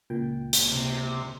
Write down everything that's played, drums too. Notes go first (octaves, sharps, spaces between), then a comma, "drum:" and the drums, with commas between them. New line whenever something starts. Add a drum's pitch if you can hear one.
C#2 A#2 G5
drum: hi-hat
C3